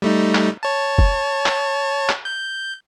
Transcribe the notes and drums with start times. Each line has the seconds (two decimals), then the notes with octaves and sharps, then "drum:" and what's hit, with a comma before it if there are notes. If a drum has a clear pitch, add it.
0.02 G3 A3 D#4
0.35 drum: clap
0.63 C#5 A5
0.98 drum: kick
1.46 drum: clap
2.09 drum: clap
2.25 G6